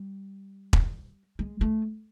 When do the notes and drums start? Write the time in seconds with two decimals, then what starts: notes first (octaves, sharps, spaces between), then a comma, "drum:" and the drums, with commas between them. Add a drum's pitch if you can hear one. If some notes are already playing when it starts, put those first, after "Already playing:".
Already playing: G3
0.73 drum: kick E1
1.39 G#3
1.61 A3